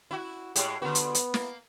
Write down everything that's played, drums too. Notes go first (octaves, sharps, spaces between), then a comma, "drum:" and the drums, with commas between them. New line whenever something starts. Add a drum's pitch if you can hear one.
E4 F#4
A2 G#3 G4, drum: hi-hat
D3 B3 F#4
drum: hi-hat
drum: hi-hat
A#3, drum: snare